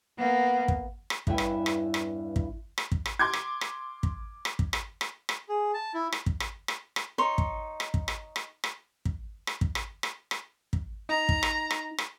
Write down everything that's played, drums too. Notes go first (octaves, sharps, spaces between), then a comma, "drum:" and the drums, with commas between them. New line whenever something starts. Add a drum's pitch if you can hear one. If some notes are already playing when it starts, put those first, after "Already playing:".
A#3 B3
drum: kick
drum: rim click
E2 G2 C#4 E4 G5, drum: kick
drum: rim click
drum: rim click
drum: rim click
drum: kick
drum: rim click
drum: kick
drum: rim click
C6 D6 G#6
drum: rim click
drum: rim click
drum: kick
drum: rim click
drum: kick
drum: rim click
drum: rim click
drum: rim click
G#4
A5
E4
drum: rim click
drum: kick
drum: rim click
drum: rim click
drum: rim click
D#4 C#5 C6
drum: kick
drum: rim click
drum: kick
drum: rim click
drum: rim click
drum: rim click
drum: kick
drum: rim click
drum: kick
drum: rim click
drum: rim click
drum: rim click
drum: kick
D#4 A#5
drum: kick
drum: rim click
drum: rim click
drum: rim click